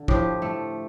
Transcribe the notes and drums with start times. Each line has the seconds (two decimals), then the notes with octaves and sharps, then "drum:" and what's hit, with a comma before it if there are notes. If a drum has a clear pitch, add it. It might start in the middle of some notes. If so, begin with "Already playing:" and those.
Already playing: D3
0.08 A2 F3 G4, drum: kick
0.42 A3